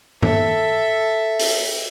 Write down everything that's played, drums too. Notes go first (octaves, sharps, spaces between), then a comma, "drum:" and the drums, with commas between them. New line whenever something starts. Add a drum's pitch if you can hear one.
A4 E5, drum: tom G2
drum: open hi-hat